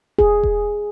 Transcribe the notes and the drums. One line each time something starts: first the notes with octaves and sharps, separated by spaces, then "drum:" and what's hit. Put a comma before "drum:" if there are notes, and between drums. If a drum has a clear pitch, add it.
G#4, drum: kick E1
drum: kick E1